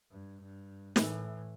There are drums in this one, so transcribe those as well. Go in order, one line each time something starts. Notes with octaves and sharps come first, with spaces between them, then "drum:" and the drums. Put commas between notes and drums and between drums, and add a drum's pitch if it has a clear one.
G2
G2
A2 E3, drum: snare